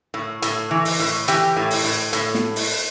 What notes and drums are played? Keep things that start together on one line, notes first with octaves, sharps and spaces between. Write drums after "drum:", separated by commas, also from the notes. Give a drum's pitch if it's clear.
A2
A2, drum: hi-hat
E3
drum: open hi-hat
A2
E3 G4, drum: hi-hat
A2
drum: open hi-hat
A2
A2, drum: hi-hat
drum: snare
drum: open hi-hat